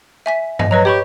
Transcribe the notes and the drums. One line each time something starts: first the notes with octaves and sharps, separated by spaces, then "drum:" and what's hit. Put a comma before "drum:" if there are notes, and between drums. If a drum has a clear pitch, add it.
E5 G#5 B6
D#5, drum: tom G2
F#3 B4 D#5 A#5
G4 C#5 B5 C#6